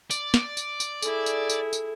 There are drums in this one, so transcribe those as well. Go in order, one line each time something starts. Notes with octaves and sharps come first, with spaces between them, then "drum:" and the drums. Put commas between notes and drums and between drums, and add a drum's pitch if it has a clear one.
D5, drum: tambourine
drum: snare
drum: tambourine
drum: tambourine
E4 G#4 A4, drum: tambourine
drum: tambourine
drum: tambourine
drum: tambourine